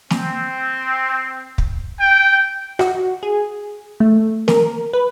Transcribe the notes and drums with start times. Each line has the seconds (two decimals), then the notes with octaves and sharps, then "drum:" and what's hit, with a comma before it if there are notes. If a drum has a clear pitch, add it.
0.10 C4, drum: snare
1.58 drum: kick
1.99 G5
2.79 F#4, drum: rim click
3.23 G#4
4.00 A3
4.48 A#4, drum: snare
4.93 B4